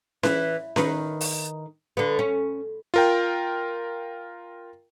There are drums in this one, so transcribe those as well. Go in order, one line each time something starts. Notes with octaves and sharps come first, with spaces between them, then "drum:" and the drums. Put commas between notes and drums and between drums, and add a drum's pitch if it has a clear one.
E3, drum: snare C#4
D#3 B4, drum: snare C#4
drum: open hi-hat
D3 B3
C#4
F4 A#4 G5